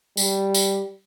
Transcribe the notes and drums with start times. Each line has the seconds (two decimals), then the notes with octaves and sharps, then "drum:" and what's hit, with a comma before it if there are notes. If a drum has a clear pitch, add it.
0.17 G3, drum: tambourine
0.55 drum: tambourine